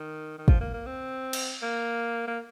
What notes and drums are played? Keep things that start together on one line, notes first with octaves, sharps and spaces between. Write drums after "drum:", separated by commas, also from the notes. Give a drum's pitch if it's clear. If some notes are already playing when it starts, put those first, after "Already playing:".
Already playing: D#3
D#3
F3, drum: kick
A#3
A#3
C4
drum: cymbal
A#3
A#3